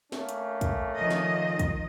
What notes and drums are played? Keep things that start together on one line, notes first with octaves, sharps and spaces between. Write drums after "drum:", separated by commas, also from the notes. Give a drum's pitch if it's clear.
A3 A#3 C#4, drum: snare
drum: hi-hat
drum: kick, hi-hat
D#3 F3 D#5
drum: snare
drum: kick, hi-hat